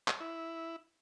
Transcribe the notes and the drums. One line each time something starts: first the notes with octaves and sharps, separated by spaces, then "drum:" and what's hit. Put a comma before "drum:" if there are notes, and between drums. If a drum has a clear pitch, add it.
drum: clap
E4